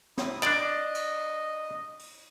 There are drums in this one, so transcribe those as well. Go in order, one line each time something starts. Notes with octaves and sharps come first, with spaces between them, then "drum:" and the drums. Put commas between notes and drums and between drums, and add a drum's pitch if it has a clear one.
E4 D#6, drum: snare
D4 D5 D#5, drum: clap
drum: cymbal
drum: open hi-hat